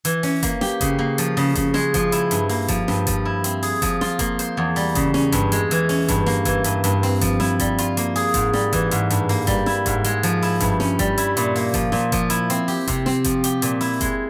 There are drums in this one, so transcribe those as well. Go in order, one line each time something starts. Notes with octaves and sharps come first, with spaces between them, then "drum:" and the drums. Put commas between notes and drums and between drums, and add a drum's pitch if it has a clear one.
E3, drum: hi-hat
C#4, drum: open hi-hat
A#3, drum: kick F#1, hi-hat
G4, drum: snare
C#3, drum: kick F#1, hi-hat
A#3
F3, drum: hi-hat
C#3, drum: open hi-hat
C#3, drum: kick F#1, hi-hat
G#3, drum: snare
F3, drum: kick F#1, hi-hat
E4, drum: hi-hat
G2, drum: hi-hat
A#3, drum: open hi-hat
F3, drum: kick F#1, hi-hat
G2, drum: snare
F3, drum: kick F#1, hi-hat
E4
C4, drum: hi-hat
G#4, drum: open hi-hat
F3, drum: kick F#1, hi-hat
F4, drum: snare
A#3, drum: kick F#1, hi-hat
C5, drum: hi-hat
E2
G3, drum: open hi-hat
C#3, drum: kick F#1, hi-hat
C#4, drum: snare
G2, drum: kick F#1, hi-hat
G#3, drum: hi-hat
E3, drum: hi-hat
C#4, drum: open hi-hat
G2, drum: kick F#1, hi-hat
A#3, drum: snare
E3, drum: kick F#1, hi-hat
G2, drum: hi-hat
G2, drum: hi-hat
C4, drum: open hi-hat
F3, drum: kick F#1, hi-hat
E4, drum: snare
G3, drum: kick F#1, hi-hat
F4, drum: hi-hat
A#3, drum: hi-hat
G#4, drum: open hi-hat
G#2, drum: kick F#1, hi-hat
G3, drum: snare
E3, drum: kick F#1, hi-hat
G#2, drum: hi-hat
G2, drum: hi-hat
A#3, drum: open hi-hat
G3, drum: kick F#1, hi-hat
E4, drum: snare
G#2, drum: kick F#1, hi-hat
G#3, drum: hi-hat
F3, drum: hi-hat
E4, drum: open hi-hat
G2, drum: kick F#1, hi-hat
C#4, drum: snare
G3, drum: kick F#1, hi-hat
E4, drum: hi-hat
A#2, drum: hi-hat
A#3, drum: open hi-hat
F3, drum: kick F#1, hi-hat
A#2, drum: snare
F3, drum: kick F#1, hi-hat
E4, drum: hi-hat
C4, drum: hi-hat
G4, drum: open hi-hat
C3, drum: kick F#1, hi-hat
C4, drum: snare
F3, drum: kick F#1, hi-hat
G4, drum: hi-hat
A#2, drum: hi-hat
E4, drum: open hi-hat
G#3, drum: kick F#1, hi-hat